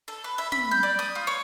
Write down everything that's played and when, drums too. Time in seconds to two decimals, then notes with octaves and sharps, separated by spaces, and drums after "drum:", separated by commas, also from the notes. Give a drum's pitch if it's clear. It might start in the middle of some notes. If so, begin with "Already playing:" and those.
0.08 A4
0.24 B4
0.38 E5
0.52 B5, drum: tom
0.71 G6
0.83 D5
0.99 D#6
1.15 F4
1.27 C#5